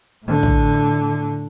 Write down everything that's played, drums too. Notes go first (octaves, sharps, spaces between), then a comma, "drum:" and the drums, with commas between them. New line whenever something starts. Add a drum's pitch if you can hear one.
A2 D3
drum: kick